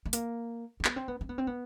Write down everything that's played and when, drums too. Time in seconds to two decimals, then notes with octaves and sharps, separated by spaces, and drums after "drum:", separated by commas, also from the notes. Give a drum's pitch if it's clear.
0.05 A3
0.13 A#3, drum: hi-hat
0.80 C4
0.85 B3, drum: clap
0.96 C4
1.08 B3
1.21 C4
1.29 B3
1.38 C4
1.47 B3